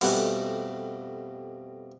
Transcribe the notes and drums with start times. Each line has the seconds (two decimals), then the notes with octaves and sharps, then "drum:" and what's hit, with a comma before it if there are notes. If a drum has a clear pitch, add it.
0.01 F2 B2 G3 A3 F#5 G#5, drum: cymbal